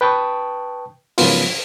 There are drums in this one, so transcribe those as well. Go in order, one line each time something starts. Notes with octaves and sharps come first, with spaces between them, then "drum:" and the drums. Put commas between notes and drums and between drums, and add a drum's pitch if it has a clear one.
B4 G5 A5 C#6 D#6
G#2 C#3 F3 F#3 B3 F4, drum: open hi-hat